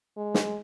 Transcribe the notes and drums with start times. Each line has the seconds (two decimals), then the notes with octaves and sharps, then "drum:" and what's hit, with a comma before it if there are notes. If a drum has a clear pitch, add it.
0.17 G#3
0.34 drum: snare